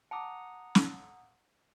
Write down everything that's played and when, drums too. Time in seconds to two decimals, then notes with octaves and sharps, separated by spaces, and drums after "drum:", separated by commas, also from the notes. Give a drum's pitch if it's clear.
0.11 F#5 A5 A#5 D6 D#6
0.75 drum: snare